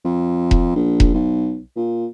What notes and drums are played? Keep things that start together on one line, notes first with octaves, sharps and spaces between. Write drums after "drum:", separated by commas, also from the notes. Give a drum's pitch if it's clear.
F2
drum: kick E1
A#1
drum: kick E1
B1
A#2